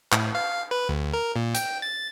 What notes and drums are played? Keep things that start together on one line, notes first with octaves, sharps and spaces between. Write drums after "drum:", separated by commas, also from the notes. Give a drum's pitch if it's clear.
A2, drum: clap
F5
B4
D2
A#4
A#2
G5, drum: hi-hat
A6